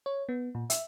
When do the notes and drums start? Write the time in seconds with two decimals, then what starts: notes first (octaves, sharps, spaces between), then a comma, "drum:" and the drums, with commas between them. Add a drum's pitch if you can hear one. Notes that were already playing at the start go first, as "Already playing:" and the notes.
0.06 C#5
0.29 B3
0.55 A#2
0.70 E5, drum: hi-hat